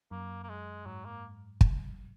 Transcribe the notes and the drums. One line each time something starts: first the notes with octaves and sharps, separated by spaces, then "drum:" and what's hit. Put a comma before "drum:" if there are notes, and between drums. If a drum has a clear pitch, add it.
F#2 A#3
A#3
G#3
G#2 F#3
A#3
drum: kick